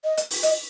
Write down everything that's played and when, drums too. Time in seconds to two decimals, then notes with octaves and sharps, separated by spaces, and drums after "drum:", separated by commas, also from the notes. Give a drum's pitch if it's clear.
0.04 D#5
0.17 drum: hi-hat
0.31 drum: open hi-hat
0.43 D#5, drum: hi-hat